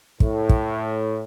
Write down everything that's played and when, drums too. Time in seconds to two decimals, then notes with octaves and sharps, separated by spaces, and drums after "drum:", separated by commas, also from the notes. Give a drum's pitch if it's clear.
0.20 A2, drum: kick
0.49 drum: kick